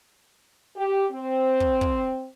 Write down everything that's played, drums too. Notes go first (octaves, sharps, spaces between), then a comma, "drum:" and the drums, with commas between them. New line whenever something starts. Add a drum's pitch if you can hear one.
G4
C4
drum: kick
drum: kick